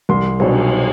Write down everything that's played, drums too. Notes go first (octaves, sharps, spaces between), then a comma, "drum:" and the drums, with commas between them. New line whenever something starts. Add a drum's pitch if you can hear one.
C2 C6
B2 F#3, drum: cymbal